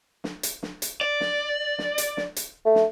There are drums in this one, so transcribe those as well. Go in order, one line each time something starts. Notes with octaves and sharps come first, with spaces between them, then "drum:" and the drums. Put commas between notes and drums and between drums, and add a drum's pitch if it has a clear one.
drum: snare
drum: hi-hat
drum: snare
drum: hi-hat
D5
drum: snare
drum: snare
drum: hi-hat
drum: snare
drum: hi-hat
A3
drum: snare